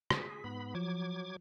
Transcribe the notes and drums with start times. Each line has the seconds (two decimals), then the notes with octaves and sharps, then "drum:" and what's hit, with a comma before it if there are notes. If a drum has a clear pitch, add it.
0.10 G#4 B6, drum: rim click
0.44 G#2 B3 B5
0.75 F3 F#3 D6 G#6